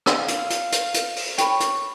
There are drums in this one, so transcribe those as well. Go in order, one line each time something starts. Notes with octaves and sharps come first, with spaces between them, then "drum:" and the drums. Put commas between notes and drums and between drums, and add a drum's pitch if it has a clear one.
drum: rim click
F5
drum: hi-hat
drum: hi-hat
drum: hi-hat
drum: hi-hat
drum: open hi-hat
C#5 G5 B5, drum: hi-hat
drum: hi-hat